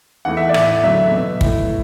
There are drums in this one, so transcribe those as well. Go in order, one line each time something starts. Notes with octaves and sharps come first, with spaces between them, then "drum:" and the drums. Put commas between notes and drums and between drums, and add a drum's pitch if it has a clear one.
E2 E3 A3 F#5
E5
D5
A2 A3, drum: rim click
E5
E2 D3 F#3 A3 E5
B2 B3
A2 A3, drum: kick